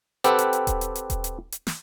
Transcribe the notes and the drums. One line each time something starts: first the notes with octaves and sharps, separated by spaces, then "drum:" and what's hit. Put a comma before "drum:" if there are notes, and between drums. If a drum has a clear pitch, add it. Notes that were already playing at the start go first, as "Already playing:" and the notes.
C4 G4 A4 B4 F#5, drum: hi-hat
drum: hi-hat
drum: hi-hat
drum: kick D#1, hi-hat
drum: hi-hat
drum: hi-hat
drum: kick D#1, hi-hat
drum: hi-hat
drum: hi-hat
drum: snare